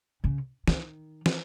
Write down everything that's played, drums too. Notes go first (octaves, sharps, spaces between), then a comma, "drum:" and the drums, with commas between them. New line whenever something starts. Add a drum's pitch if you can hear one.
C#3
D#3, drum: snare
drum: snare